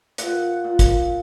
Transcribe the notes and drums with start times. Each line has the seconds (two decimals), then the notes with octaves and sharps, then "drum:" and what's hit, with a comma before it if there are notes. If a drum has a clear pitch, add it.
0.18 A#2 F#5, drum: hi-hat
0.64 A#2
0.79 drum: kick, hi-hat